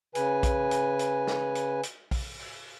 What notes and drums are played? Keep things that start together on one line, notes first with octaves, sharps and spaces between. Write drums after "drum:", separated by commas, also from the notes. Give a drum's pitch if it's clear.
C#3 B4 G#5, drum: hi-hat
drum: kick A#1, hi-hat
drum: hi-hat
drum: hi-hat
drum: snare
drum: hi-hat
drum: hi-hat
drum: kick A#1, open hi-hat
drum: open hi-hat